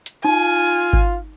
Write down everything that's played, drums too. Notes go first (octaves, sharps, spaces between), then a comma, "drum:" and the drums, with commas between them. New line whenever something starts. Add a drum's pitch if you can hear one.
drum: hi-hat
D#4 F4 G#5
drum: kick G#1